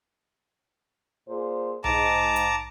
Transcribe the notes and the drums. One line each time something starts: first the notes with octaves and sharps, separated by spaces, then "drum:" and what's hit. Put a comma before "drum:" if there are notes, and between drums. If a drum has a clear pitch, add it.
A#2 G#4 C5
G#2 A5 A#5 D6, drum: tom B1
drum: hi-hat